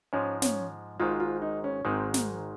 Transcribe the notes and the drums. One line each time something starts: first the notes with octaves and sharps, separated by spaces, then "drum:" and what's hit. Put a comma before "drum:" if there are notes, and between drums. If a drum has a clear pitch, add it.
G#2 F3 G#3 C#4
C#4, drum: snare
G#1 G#2 D#3 G#3 F4
F4
D#4
C#4
G#1 G#2 D#3 G#3 C4
drum: snare